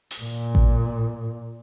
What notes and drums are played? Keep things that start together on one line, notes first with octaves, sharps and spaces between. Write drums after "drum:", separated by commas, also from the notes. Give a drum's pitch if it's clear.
drum: open hi-hat
A#2
drum: kick A1